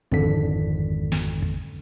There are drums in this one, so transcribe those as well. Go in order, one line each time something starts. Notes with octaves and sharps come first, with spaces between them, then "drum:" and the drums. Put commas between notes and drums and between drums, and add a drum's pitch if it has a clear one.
G#1 F2 D3 B6, drum: kick
drum: snare
drum: kick